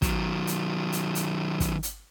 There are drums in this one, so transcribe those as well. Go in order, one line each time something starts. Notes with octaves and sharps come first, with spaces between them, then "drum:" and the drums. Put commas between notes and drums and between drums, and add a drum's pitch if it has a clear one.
D#3 F#3, drum: kick, hi-hat
drum: hi-hat
drum: hi-hat
drum: hi-hat
drum: kick, hi-hat
drum: hi-hat